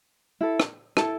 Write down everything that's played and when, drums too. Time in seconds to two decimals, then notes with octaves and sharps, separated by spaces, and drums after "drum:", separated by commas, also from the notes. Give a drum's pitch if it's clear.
0.41 E4 A4
0.60 drum: rim click
0.97 E4 A4 A5, drum: rim click